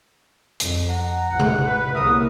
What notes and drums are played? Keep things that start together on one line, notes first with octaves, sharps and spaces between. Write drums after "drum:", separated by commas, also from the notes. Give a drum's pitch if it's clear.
F2, drum: hi-hat
F#5 A#5
A1 F#5
drum: tom C3
B4
C2 C#3 A#3 A#4 E5 D#6